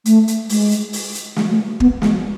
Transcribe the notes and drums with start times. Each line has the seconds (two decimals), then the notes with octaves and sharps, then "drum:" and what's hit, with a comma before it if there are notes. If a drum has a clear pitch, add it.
0.05 A3, drum: hi-hat
0.28 drum: hi-hat
0.49 G#3, drum: open hi-hat
0.71 drum: hi-hat
0.93 drum: open hi-hat
1.15 drum: hi-hat
1.36 G#3, drum: snare
1.50 A3
1.80 B3, drum: kick
2.02 G#3, drum: snare